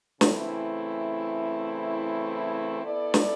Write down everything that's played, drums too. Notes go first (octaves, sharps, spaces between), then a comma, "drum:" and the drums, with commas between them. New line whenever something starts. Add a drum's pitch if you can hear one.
C#3 E3 A3 C4 E4, drum: snare
B3 E4 A4 D5
drum: snare